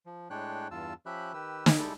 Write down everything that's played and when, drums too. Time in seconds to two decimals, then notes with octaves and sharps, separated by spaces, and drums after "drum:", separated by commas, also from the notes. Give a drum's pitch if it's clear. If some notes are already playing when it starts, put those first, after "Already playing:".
0.06 F3
0.30 A2 G#3 D4 C#5 G5 F#6
0.71 E2 G2 F4 A5 E6
1.06 F3 C#4 G4 E5 B5 F#6
1.34 D#3 G4 B4 E6
1.66 drum: snare
1.79 G3 G#3 E4 G4 A4